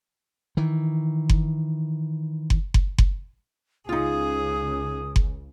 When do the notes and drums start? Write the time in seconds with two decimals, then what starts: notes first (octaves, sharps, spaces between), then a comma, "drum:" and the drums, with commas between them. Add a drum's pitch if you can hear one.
0.57 D#3 E3
1.29 drum: kick F#1
2.50 drum: kick F#1
2.74 drum: kick F#1
2.98 drum: kick F#1
3.89 C#2 C#3 D#4 F4 G#4 D#6
5.16 drum: kick F#1